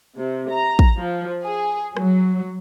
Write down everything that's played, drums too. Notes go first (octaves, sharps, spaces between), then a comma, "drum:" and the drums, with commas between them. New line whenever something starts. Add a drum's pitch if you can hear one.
C3
A#5
drum: kick
F3
G#4
F#3, drum: rim click